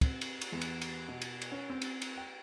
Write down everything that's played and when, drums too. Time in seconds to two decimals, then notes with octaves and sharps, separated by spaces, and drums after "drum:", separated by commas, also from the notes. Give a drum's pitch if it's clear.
0.01 C4, drum: kick, cymbal
0.21 drum: cymbal
0.41 drum: cymbal
0.52 E2
0.61 drum: cymbal
0.81 drum: cymbal
1.08 B2
1.22 drum: cymbal
1.42 drum: cymbal
1.52 C#4
1.70 C4
1.82 drum: cymbal
2.02 drum: cymbal
2.18 G5